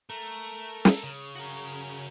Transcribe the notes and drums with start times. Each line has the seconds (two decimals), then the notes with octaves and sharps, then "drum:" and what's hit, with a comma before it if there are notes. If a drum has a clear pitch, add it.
0.10 A3 A#4
0.85 drum: snare
1.03 C#3
1.36 F#4 A#4